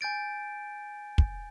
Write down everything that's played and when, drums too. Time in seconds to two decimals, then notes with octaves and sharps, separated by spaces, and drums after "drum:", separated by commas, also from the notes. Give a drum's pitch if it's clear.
0.01 G#5 G6 A6 D7
1.18 drum: kick